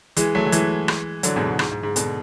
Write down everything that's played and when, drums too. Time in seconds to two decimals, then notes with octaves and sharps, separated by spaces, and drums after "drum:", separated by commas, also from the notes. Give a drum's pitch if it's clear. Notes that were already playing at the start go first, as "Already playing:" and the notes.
0.17 E3 G#3, drum: hi-hat
0.35 F#3 A3
0.46 F#3
0.52 E3 G#3, drum: hi-hat
0.88 drum: rim click
1.23 D3 F#3, drum: hi-hat
1.36 G#2 B2
1.47 G#2
1.59 G#2, drum: rim click
1.72 G#2
1.83 G#2
1.96 B2 D3, drum: hi-hat